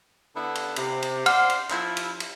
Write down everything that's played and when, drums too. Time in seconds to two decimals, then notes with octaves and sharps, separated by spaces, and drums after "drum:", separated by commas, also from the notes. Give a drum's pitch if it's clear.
0.35 D3 B3 E4
0.55 drum: cymbal
0.76 C3, drum: cymbal
1.02 drum: cymbal
1.26 C5 D5 F5 F#5 F6, drum: cymbal
1.50 drum: cymbal
1.71 F3 E4, drum: clap
1.97 drum: cymbal
2.20 drum: cymbal